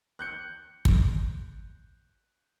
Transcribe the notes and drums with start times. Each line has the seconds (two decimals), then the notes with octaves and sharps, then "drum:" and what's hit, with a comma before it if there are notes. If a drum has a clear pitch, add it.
0.19 F#6 G6 C#7
0.85 drum: kick